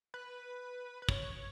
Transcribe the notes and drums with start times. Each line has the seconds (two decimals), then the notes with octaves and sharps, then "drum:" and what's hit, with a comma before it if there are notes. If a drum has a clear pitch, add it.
0.14 B4
1.02 B4
1.09 C#5, drum: kick